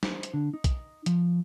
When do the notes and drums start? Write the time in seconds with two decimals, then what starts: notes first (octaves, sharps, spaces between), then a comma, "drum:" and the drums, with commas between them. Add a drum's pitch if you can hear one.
0.03 C5, drum: snare
0.23 drum: hi-hat
0.34 D3
0.54 D#4
0.64 drum: kick B1, hi-hat
1.06 F3, drum: hi-hat